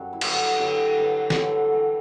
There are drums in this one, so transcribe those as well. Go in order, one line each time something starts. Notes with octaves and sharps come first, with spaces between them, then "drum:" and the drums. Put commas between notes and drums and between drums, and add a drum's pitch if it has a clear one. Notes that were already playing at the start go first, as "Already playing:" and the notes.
Already playing: F#2 G3 A4
E4
G2 D3 F#3 F#4, drum: cymbal
G2 D3 F#3 G4
G4
G2 D3 F#3 B4
G4, drum: snare
G2 D3 F#3 A4
E3 G3